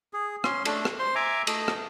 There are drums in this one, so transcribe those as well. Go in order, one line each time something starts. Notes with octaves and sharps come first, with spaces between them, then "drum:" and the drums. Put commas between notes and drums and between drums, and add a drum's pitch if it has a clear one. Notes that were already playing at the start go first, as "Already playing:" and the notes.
G#4
C#4 C6, drum: rim click
A3 D4, drum: cymbal
drum: rim click
C5 C6
E5 G#5 A#5 D6
A3 D#5, drum: cymbal
drum: rim click